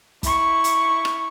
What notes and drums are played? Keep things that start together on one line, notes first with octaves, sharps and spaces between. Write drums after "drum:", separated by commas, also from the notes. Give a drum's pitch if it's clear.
E4 C#6, drum: kick, hi-hat
drum: hi-hat
drum: rim click